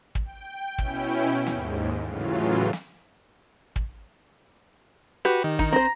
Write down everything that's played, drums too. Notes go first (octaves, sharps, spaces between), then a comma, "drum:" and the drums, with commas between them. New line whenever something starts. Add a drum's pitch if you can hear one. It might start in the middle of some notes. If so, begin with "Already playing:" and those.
drum: kick
G5
B2 C#4 E4 G5, drum: kick
D#2 G#2, drum: snare
A2 C#3 E3 F#3 F4
drum: snare
drum: kick
F#4 G4 B4
D#3
D#4, drum: kick
C4 C5 A#5